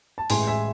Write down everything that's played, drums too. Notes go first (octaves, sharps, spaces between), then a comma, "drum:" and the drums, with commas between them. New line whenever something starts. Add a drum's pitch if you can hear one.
A5
A1 A2 E3 G#3 G#5 C6, drum: open hi-hat
E5 G#5